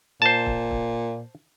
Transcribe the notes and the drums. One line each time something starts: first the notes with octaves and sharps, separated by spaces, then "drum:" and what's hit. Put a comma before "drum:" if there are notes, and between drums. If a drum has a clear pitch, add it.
A#2 C5 A5
drum: kick
drum: kick